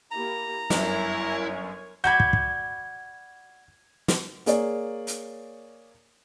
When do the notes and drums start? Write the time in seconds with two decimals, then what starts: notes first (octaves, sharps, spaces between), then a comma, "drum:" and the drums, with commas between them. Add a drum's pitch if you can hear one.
0.11 A#3 E4 G4 A#5
0.70 G1 F#2 E4 A#4 C#5 G#5, drum: snare
2.04 F#4 D5 B5 G6 G#6
2.20 drum: kick
2.33 drum: kick
4.08 drum: snare
4.46 A#3 G#4 C#5 D5, drum: hi-hat
5.07 drum: hi-hat